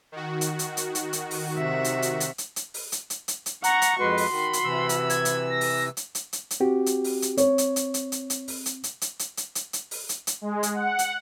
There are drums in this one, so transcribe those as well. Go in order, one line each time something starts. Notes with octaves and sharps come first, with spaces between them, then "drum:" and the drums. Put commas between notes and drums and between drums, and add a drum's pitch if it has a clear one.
D#3 F#4
drum: hi-hat
drum: hi-hat
drum: hi-hat
drum: hi-hat
drum: hi-hat
drum: open hi-hat
C3 E5
drum: hi-hat
drum: hi-hat
drum: hi-hat
drum: hi-hat
drum: hi-hat
drum: open hi-hat
drum: hi-hat
drum: hi-hat
drum: hi-hat
drum: hi-hat
F#5 A#5 C#6, drum: hi-hat
drum: hi-hat
F2 G#3 F#4 B4 C6
drum: open hi-hat
D#3 F#4 B5
drum: hi-hat
C3 E3 E6
drum: hi-hat
G#6, drum: hi-hat
drum: hi-hat
A#6
drum: open hi-hat
drum: hi-hat
drum: hi-hat
drum: hi-hat
drum: hi-hat
C4 F#4 G4
drum: hi-hat
drum: open hi-hat
drum: hi-hat
C4 C#5, drum: hi-hat
drum: hi-hat
drum: hi-hat
drum: hi-hat
drum: hi-hat
drum: hi-hat
drum: open hi-hat
drum: hi-hat
drum: hi-hat
drum: hi-hat
drum: hi-hat
drum: hi-hat
drum: hi-hat
drum: hi-hat
drum: open hi-hat
drum: hi-hat
drum: hi-hat
G#3
drum: hi-hat
F#5
drum: hi-hat